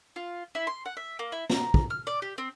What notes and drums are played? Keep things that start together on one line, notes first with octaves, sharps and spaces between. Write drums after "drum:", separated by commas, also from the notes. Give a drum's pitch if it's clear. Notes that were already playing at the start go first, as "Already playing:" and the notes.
F4
E4
C6
F#5
E5
A#3
E4
A#5, drum: snare
drum: kick
F6
D5
G4
C4